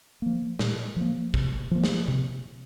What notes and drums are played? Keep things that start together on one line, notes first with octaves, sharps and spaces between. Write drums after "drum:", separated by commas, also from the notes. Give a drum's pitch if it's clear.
F3 A#3
A#2, drum: snare
F3 A#3
C3, drum: kick
F3 A#3
drum: snare
C3